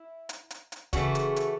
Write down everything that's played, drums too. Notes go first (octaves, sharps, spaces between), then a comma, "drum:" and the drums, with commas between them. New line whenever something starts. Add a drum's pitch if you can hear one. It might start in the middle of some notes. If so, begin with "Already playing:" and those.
Already playing: E4
drum: hi-hat
drum: hi-hat
drum: hi-hat
C#3 E3 A3 F#4, drum: kick, hi-hat
drum: hi-hat
drum: hi-hat